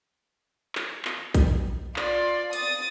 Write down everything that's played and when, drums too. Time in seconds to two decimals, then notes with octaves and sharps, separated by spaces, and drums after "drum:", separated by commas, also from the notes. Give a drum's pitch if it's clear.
0.75 drum: clap
1.05 drum: clap
1.34 drum: kick, hi-hat
1.96 F4 D5, drum: clap
2.53 D#6 A6, drum: hi-hat